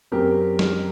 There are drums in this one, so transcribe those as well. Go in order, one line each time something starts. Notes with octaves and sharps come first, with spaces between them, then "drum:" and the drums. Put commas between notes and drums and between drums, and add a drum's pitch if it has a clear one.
F#2 F#3 C4 G4 A#4
drum: snare